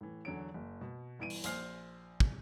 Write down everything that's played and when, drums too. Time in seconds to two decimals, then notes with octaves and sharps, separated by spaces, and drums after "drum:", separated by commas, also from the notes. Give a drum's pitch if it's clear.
0.01 A2 E3
0.25 E2 D3 F#3 C#5 D7
0.54 F#1
0.81 B2
1.19 G1 E3 D7 D#7
1.30 drum: open hi-hat
1.44 A#1 C5 G#5 F6 C7, drum: hi-hat
2.20 drum: kick